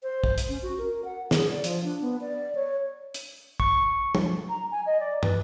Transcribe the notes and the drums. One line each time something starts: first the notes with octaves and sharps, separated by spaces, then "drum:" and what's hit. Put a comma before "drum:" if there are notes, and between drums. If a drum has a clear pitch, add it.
C5
drum: kick
drum: hi-hat
C#4
F#4
A#4
F#5
G#4, drum: snare
D5
F3, drum: hi-hat
D4
B3
D5
C#5
drum: hi-hat
C#6, drum: kick
drum: tom
A#5
G#5
D#5
D5
B4, drum: tom